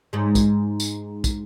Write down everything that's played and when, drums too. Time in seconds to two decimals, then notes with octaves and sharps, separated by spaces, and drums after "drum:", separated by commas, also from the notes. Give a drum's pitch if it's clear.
0.13 G#2 G#3
0.35 drum: kick, tambourine
0.80 drum: tambourine
1.24 drum: kick, tambourine